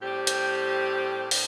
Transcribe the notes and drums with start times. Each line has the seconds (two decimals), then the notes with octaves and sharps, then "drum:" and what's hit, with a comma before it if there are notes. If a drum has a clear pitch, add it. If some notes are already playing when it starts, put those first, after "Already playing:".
0.01 A2 G3 C4 G4
0.27 drum: hi-hat
1.31 A2 G3 D4 C5, drum: open hi-hat